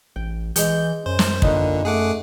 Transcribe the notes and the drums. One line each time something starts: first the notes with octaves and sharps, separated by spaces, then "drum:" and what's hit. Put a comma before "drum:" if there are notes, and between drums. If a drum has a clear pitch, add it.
A1 G5
E3 G#3 G#4 G6, drum: hi-hat
F#2 C#4 C5
drum: snare
A#2 D3 C#4 D#4 B4, drum: kick
A3 G#4 F#5 D6